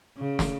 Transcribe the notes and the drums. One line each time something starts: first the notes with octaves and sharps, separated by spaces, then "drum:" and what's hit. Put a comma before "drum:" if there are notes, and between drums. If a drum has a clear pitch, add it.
C#3
drum: snare